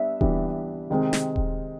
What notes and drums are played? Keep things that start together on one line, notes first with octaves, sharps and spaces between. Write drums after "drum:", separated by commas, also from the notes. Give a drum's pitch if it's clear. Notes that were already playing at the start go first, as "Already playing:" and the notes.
Already playing: G3 B3 D4 E5
E3 G3 B3 D4, drum: kick D#1
C3 D#3 G#3 C4
drum: snare
drum: kick D#1